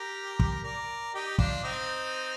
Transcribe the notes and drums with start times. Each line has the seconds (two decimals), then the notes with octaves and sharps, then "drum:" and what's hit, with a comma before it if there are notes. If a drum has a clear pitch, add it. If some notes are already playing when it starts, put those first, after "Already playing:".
Already playing: G4 A#4
0.39 drum: kick
0.64 A#4 D5
1.14 D#4 G4
1.38 D4 F4, drum: kick
1.64 C4 D#4